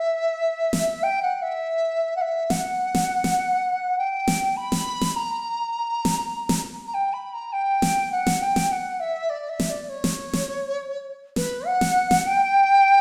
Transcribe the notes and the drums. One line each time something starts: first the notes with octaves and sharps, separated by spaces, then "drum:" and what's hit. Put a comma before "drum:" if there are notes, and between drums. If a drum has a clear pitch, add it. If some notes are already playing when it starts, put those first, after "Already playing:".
Already playing: E5
drum: snare
G5
F#5
E5
F#5
E5
F#5, drum: snare
drum: snare
drum: snare
G5
drum: snare
B5
drum: snare
drum: snare
A#5
drum: snare
drum: snare
A#5
G5
B5
A#5
G5
drum: snare
F#5
drum: snare
G5
drum: snare
F#5
E5
D5
E5
drum: snare
D5
C#5
drum: snare
drum: snare
B4, drum: snare
F#5
drum: snare
drum: snare
G5